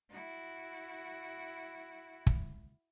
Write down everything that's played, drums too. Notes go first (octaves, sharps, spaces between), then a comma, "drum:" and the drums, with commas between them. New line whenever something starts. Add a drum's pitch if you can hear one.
E4 F#4
drum: kick